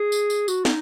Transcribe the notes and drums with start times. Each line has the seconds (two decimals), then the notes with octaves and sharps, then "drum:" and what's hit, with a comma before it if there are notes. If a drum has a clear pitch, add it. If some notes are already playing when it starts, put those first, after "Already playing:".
Already playing: G#4
0.12 drum: tambourine
0.30 drum: tambourine
0.48 F#4, drum: tambourine
0.65 D#4, drum: snare